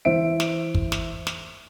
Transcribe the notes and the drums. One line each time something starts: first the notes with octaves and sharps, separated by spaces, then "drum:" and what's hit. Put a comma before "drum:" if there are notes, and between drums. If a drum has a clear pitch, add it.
E3 C5 E5 D7
drum: snare
drum: kick
drum: snare
drum: snare